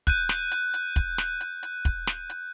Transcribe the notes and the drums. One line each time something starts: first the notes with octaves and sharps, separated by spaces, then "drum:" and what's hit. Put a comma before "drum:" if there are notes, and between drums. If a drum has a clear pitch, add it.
F#6 G6 D#7, drum: kick, hi-hat
drum: snare
drum: hi-hat
drum: hi-hat
drum: kick, hi-hat
drum: snare
drum: hi-hat
drum: hi-hat
drum: kick, hi-hat
drum: snare
drum: hi-hat